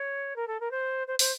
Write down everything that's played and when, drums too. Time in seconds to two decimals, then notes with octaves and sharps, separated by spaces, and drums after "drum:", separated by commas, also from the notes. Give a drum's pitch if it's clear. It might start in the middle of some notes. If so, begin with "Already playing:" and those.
Already playing: C#5
0.36 A#4
0.47 A4
0.60 A#4
0.71 C5
1.07 C5
1.19 C5, drum: open hi-hat